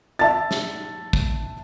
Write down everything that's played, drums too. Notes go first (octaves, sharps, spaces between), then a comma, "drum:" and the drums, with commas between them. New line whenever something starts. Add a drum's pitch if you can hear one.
E5 A5 A6
drum: snare
drum: kick